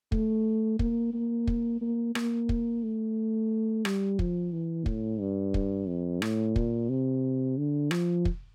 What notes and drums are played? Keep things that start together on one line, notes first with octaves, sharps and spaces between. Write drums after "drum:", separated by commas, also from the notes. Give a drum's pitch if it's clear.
A3, drum: kick
A#3, drum: kick
A#3
drum: kick
A#3
A#3, drum: rim click
drum: kick
A3
G3, drum: rim click
F3, drum: kick
E3
A2, drum: kick
G2
drum: kick
F2
A2, drum: rim click
A#2, drum: kick
C3
D3
F3, drum: rim click
drum: kick